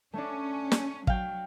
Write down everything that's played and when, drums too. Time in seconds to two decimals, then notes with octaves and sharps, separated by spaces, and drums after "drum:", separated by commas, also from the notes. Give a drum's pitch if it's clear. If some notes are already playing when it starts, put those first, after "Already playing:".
0.14 A3 C#4 D4
0.72 drum: snare
1.07 F#3 F5 G5, drum: kick